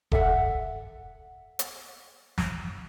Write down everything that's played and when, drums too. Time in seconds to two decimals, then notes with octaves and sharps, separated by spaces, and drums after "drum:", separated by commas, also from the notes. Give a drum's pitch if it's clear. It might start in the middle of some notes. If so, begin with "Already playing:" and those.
0.12 A4 E5 F#5, drum: kick E1
1.59 drum: hi-hat
2.38 drum: snare